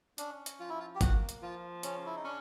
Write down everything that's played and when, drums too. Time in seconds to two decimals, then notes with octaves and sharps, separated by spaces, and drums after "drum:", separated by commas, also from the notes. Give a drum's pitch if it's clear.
0.18 C#4 D4, drum: hi-hat
0.46 drum: hi-hat
0.60 F3 F4
0.69 E4
0.80 F4
0.95 G4
1.01 A#3 F#4, drum: kick G#1, hi-hat
1.29 drum: hi-hat
1.42 F3 F4
1.83 C#3 C#4, drum: hi-hat
2.06 E4
2.16 D#4
2.25 C#4 D4